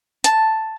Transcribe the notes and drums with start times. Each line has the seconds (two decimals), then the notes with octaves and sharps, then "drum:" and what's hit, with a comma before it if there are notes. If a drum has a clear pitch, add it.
0.24 A5, drum: hi-hat